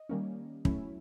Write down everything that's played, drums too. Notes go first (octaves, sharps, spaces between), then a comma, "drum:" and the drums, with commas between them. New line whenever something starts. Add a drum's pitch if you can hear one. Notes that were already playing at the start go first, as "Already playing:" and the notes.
Already playing: D#5
D#3 G3 A#3 C#4
F#3 A3 C#4 E4, drum: kick